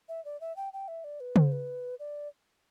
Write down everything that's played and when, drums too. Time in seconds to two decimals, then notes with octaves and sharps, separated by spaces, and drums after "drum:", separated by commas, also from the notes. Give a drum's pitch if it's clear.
0.09 E5
0.25 D5
0.41 E5
0.56 G5
0.73 G5
0.88 E5
1.04 D5
1.20 B4
1.36 C5, drum: tom C#3
1.52 B4
1.99 D5